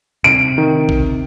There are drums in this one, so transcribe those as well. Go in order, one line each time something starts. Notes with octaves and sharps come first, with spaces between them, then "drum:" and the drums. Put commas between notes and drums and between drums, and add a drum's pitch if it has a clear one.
C3 D7
D#3
drum: kick A1